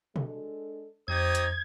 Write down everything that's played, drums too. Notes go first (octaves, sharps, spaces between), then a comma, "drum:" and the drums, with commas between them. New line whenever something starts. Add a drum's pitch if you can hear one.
G#3 D4 A4, drum: tom B2
F2 D#4 G4 C5 D#6 G#6
drum: hi-hat